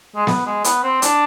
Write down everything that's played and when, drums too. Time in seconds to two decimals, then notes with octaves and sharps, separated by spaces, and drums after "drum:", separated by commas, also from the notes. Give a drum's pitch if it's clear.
0.16 G#3
0.27 B3, drum: snare B3
0.46 G#3
0.64 B3, drum: hi-hat
0.83 C4
1.02 D4, drum: hi-hat